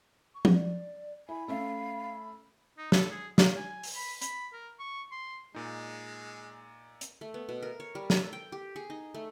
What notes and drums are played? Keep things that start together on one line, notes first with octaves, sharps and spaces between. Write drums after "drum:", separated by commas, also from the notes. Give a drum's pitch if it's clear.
C#6
drum: tom F3
D5
E4 G#5 B5
A3 C#4 E5 F5
D#4
A4, drum: snare
G#4
F5, drum: snare
G#5
drum: open hi-hat
B5
B5, drum: hi-hat
A#4
C#6
C6
A#2 G#3 D#4
drum: hi-hat
A3
B3
B2
A#4
C#5
G3
A4, drum: snare
G5
G4
G#4
D#4
A3